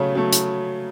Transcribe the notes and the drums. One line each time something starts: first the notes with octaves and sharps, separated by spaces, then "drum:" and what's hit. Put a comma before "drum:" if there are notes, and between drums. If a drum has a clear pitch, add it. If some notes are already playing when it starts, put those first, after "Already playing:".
Already playing: C#3 F#3 A3
F#3 A3
drum: hi-hat